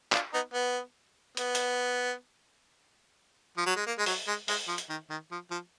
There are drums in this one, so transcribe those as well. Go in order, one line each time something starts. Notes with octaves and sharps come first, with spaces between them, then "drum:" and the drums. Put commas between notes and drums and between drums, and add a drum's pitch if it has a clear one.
D4 F4, drum: clap
B3 D#4
B3
B3, drum: hi-hat
drum: hi-hat
F3
F#3
G#3
A#3
G#3
F#3, drum: open hi-hat
G#3
G#3, drum: open hi-hat
F3
drum: hi-hat
D#3
D#3
F3
F3